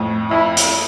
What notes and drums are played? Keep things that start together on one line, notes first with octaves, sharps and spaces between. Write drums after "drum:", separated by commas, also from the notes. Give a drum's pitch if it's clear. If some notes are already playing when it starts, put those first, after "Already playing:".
Already playing: F2 A2
F2 E4
drum: hi-hat